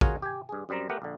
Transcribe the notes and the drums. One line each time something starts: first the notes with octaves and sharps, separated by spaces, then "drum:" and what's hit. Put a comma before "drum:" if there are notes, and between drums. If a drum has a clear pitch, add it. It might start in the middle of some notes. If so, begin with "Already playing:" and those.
C#4 F4 F#4 G#4 A#4 C#5, drum: kick
G4 G#5
G2 G#4
F#2 G3 C4 A#5
A3 B3 G4 A#4 F#5
A#1 D3